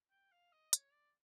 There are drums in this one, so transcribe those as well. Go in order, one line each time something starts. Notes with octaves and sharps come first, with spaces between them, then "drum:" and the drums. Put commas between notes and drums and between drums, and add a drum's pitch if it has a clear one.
G5
F5
D#5
C#5, drum: hi-hat
D5